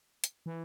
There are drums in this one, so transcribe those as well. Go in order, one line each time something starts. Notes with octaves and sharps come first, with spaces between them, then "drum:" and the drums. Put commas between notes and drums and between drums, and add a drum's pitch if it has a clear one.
drum: hi-hat
E3